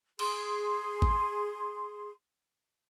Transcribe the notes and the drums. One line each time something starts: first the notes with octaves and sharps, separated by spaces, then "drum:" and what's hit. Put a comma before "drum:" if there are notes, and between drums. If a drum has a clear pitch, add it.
G#4 C6, drum: cymbal
drum: kick G#1